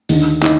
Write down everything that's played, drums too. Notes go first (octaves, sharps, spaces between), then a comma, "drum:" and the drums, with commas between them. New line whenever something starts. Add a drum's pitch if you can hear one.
D#2 D3 D#4, drum: open hi-hat
D#4, drum: clap